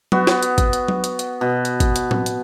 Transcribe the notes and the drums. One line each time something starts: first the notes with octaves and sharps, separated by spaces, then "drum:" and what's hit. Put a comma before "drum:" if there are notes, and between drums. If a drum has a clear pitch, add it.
B3 F#4, drum: tom F#3
drum: snare
drum: hi-hat
drum: kick, hi-hat
drum: hi-hat
drum: tom F#3
drum: hi-hat
drum: hi-hat
B2
drum: hi-hat
drum: kick, hi-hat
drum: hi-hat
drum: tom
drum: hi-hat